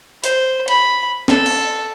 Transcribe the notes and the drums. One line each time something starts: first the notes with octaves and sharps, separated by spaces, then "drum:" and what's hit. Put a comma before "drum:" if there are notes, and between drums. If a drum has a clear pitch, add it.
C5, drum: hi-hat
B5, drum: cymbal
A4, drum: snare
drum: cymbal